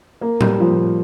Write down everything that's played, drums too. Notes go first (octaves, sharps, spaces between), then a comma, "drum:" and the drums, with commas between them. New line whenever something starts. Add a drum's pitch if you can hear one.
A#3
G3, drum: tom A2
F3